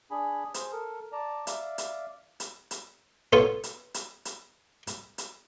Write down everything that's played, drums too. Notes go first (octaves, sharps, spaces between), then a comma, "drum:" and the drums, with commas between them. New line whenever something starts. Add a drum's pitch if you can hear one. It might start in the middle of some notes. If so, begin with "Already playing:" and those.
D4 G#4 G#5 B5
G#4 C5, drum: hi-hat
A4 A#4
D5 A5 A#5
D5 E5 F5, drum: hi-hat
drum: hi-hat
drum: hi-hat
drum: hi-hat
B3 F4 A4 C#5
drum: hi-hat
drum: hi-hat
drum: hi-hat
drum: hi-hat
drum: hi-hat